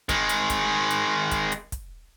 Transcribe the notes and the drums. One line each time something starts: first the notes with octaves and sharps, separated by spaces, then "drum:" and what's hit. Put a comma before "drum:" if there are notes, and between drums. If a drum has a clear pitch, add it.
D#3 G#3, drum: kick, hi-hat
drum: hi-hat
drum: kick, hi-hat
drum: hi-hat
drum: kick, hi-hat
drum: hi-hat
drum: kick, hi-hat